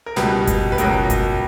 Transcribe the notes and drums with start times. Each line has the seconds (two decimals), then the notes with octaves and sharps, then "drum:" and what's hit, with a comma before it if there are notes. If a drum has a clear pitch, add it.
0.06 A#4
0.16 C#2 B2 G3 B4, drum: snare
0.47 drum: kick F#1, hi-hat
0.72 B4
0.78 C#2 B2 F#3 A#4, drum: hi-hat
1.10 drum: kick F#1, hi-hat